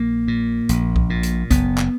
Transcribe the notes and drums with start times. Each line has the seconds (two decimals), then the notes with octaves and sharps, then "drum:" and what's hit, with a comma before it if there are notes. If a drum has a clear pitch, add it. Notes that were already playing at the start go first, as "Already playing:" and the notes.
Already playing: A#1 A#3
0.28 A#2
0.69 A#1, drum: hi-hat
0.96 drum: kick B1
1.10 A#2
1.23 drum: hi-hat
1.51 F#1 B3, drum: kick B1, hi-hat
1.78 drum: clap